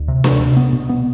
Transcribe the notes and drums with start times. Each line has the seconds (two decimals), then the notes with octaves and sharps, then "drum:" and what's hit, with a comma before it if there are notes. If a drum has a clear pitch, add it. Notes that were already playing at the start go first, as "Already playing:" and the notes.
Already playing: D2
0.08 C3
0.24 C3, drum: snare
0.40 C3
0.57 B3
0.73 B2
0.89 B3